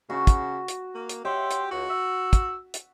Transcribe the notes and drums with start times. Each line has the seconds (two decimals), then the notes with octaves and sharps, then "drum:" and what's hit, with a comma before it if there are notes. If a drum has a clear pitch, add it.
0.10 C#3 F#4
0.27 drum: kick, hi-hat
0.68 drum: hi-hat
0.95 A#3
1.09 drum: hi-hat
1.25 G4 C#5 E5 F#5 C6
1.51 drum: hi-hat
1.71 C#2 F#4
1.89 E6
2.33 drum: kick, hi-hat
2.74 drum: hi-hat